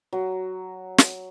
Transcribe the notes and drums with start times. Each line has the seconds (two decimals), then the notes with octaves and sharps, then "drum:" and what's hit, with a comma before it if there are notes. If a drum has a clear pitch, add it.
0.13 F#3
0.98 drum: snare